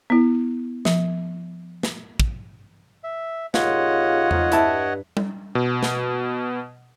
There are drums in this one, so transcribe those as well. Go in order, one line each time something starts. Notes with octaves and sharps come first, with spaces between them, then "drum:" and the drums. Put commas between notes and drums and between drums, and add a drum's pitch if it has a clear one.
B3 E4
F3, drum: snare
drum: snare
drum: kick
E5
D#2 C#3 F4 C#5 D#5 F#5, drum: snare
F2 D#4 F4, drum: tom E2
G2 E4 A5, drum: hi-hat
drum: tom G3
B2
drum: snare